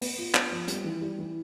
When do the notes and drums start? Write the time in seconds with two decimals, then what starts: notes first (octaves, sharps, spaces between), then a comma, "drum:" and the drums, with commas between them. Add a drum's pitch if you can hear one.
0.01 B3, drum: open hi-hat
0.18 F4
0.34 B3, drum: clap
0.52 F3
0.68 G3, drum: hi-hat
0.84 E3
1.01 G3
1.19 E3